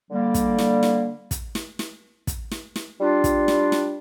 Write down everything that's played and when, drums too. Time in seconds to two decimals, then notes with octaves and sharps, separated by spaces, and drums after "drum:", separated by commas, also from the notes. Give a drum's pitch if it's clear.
0.11 D3 G3 A#3
0.34 drum: kick, hi-hat
0.58 drum: snare
0.83 drum: snare
1.31 drum: kick, hi-hat
1.55 drum: snare
1.79 drum: snare
2.27 drum: kick, hi-hat
2.51 drum: snare
2.76 drum: snare
3.00 G3 D4 F4
3.24 drum: kick, hi-hat
3.48 drum: snare
3.72 drum: snare